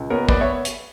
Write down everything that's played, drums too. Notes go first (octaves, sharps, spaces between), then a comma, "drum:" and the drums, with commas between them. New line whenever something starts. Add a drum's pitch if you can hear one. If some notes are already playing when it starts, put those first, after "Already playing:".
Already playing: C#2
B3 A#4 C#5
B3 B4 D5, drum: kick
C#5 E5
drum: hi-hat